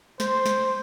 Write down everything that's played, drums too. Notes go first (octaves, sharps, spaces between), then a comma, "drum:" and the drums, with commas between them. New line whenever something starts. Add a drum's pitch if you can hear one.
C5, drum: snare
drum: snare